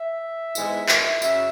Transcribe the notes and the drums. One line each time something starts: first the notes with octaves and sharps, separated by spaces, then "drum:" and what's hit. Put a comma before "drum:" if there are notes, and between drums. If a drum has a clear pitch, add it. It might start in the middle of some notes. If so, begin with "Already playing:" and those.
Already playing: E5
G#2 E3 G#3 B3, drum: tambourine
drum: clap
F#2 C#3 F#3 E5, drum: tambourine